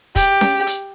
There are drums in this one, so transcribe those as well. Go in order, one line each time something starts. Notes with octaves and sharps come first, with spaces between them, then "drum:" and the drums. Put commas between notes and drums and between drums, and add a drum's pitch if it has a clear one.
G4, drum: kick, hi-hat
drum: snare C#4
drum: hi-hat